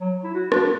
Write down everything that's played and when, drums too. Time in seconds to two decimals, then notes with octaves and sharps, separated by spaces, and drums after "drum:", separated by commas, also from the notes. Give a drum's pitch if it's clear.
0.01 F#3
0.24 E4
0.35 F#4
0.52 D4, drum: rim click